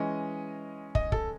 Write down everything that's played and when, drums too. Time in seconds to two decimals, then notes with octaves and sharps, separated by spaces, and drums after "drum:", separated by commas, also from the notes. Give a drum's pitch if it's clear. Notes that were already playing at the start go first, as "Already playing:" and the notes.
Already playing: E3 G#3 C#4 D#5
0.95 D#5, drum: kick
1.12 A4, drum: kick